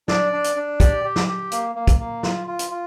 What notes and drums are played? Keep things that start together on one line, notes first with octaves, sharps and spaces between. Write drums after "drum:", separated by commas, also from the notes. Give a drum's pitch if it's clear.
D4 D5, drum: snare
D4
drum: hi-hat
D4
G4 D5, drum: kick, hi-hat
G4
drum: snare
G4
A#3, drum: hi-hat
A#3
drum: kick, hi-hat
A#3
F4, drum: snare
F4
drum: hi-hat
F4